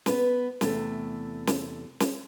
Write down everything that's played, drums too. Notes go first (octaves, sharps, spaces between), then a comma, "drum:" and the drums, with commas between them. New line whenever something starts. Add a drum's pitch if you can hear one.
B3 B4, drum: snare
E2 C3 A3, drum: snare
drum: snare
drum: snare